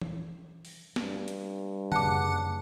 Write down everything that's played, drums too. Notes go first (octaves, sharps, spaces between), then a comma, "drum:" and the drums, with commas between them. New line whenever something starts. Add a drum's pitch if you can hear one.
drum: tom E3
drum: open hi-hat
G2, drum: snare
drum: hi-hat
F#1 C#3 F#5 A5 D6, drum: tom